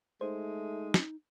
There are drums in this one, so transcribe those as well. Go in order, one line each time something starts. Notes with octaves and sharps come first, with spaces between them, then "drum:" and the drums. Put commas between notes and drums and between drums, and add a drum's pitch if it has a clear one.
G#3 A3 D#4 C5
drum: snare